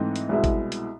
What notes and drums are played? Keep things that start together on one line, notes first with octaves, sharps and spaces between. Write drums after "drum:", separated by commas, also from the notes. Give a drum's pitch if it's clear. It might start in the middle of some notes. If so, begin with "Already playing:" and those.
Already playing: G#2 E3 A3 C4 D#4
drum: hi-hat
C2 B2 G#3 B3 E4
drum: kick G#1, hi-hat
drum: hi-hat